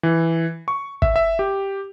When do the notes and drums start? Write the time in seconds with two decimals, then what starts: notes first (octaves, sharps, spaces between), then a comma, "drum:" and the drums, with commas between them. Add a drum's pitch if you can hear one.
0.03 E3
0.68 C#6
1.02 E5, drum: kick
1.16 E5
1.39 G4